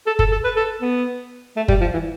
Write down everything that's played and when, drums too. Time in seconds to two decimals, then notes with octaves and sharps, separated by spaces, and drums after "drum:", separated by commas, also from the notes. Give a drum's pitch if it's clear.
0.07 A4
0.19 A4, drum: kick
0.32 A4
0.44 B4
0.56 A4
0.81 B3
1.56 A3
1.68 G3, drum: kick
1.81 F3
1.93 E3